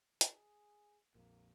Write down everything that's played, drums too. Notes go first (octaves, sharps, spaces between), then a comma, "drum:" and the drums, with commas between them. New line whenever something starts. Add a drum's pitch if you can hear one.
G#4, drum: hi-hat
A#1 F2 A#2 A#3